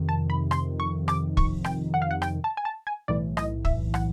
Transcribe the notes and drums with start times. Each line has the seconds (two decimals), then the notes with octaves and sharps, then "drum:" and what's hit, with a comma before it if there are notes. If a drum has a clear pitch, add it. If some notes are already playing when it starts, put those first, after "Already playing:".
Already playing: F2 C3 D#3
0.09 A5
0.30 B5
0.51 C6, drum: rim click
0.80 C#6
1.08 D6, drum: rim click
1.37 C#6, drum: kick
1.64 G5, drum: rim click
1.94 F#5
2.02 F5
2.11 F#5
2.22 G5, drum: rim click
2.44 A5
2.57 G#5
2.65 A5
2.87 G#5
3.08 B1 A2 E3 D5
3.37 D#5, drum: rim click
3.65 E5, drum: kick
3.94 F#5, drum: rim click